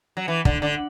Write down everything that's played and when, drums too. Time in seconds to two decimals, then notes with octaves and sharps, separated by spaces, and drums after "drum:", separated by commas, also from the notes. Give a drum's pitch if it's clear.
0.17 F#3
0.28 E3
0.45 D3, drum: kick
0.62 D3